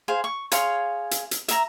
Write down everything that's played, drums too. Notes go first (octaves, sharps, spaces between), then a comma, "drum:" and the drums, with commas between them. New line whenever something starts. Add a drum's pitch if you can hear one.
G#4 C5 F5
C#6
G#4 C#5 F5 C6, drum: hi-hat
drum: hi-hat
drum: hi-hat
E5 A#5, drum: hi-hat